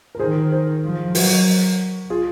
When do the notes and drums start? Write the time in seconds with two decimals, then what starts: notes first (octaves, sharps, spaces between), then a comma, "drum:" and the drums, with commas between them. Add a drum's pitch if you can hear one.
0.15 A#4
0.19 D#3 G#4 C5
0.51 G#4 C5
0.84 F3
1.15 F#3 F#4 A#4, drum: open hi-hat
2.10 F4 G#4